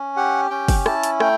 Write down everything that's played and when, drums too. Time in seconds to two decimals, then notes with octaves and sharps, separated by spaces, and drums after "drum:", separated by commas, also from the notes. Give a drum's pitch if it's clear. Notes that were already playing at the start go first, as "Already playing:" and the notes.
Already playing: C#4
0.17 G4 F#5
0.50 C#4 G5
0.68 drum: kick, open hi-hat
0.86 E4 A5, drum: rim click
1.03 drum: hi-hat
1.20 A3 G5, drum: rim click